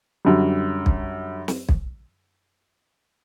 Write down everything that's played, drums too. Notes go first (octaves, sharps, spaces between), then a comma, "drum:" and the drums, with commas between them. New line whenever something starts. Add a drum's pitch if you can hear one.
F#2 D3 G3
drum: kick B1
drum: snare
drum: kick B1